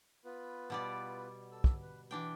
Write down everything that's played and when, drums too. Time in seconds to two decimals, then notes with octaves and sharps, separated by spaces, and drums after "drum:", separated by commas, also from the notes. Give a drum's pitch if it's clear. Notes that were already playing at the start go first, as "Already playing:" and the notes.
0.25 B3 F4 B4
0.70 B2 G3 D5
1.51 A4 E6
1.64 drum: kick
1.82 B4
2.11 E3 D4 F#4 B4 G5